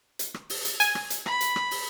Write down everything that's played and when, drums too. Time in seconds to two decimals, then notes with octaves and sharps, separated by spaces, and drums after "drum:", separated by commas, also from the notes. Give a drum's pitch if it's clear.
0.19 drum: hi-hat
0.34 drum: rim click
0.50 drum: open hi-hat
0.65 drum: hi-hat
0.80 G#5, drum: hi-hat
0.95 drum: rim click
1.10 drum: hi-hat
1.26 B5, drum: rim click
1.41 drum: hi-hat
1.56 drum: rim click
1.71 drum: open hi-hat